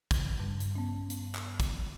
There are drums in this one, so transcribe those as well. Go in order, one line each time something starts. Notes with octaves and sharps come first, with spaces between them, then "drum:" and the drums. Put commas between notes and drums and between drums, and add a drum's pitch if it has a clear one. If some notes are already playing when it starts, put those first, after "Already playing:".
C#3, drum: kick, hi-hat
G2
drum: hi-hat
B3 C#4
drum: hi-hat
drum: clap
drum: kick, hi-hat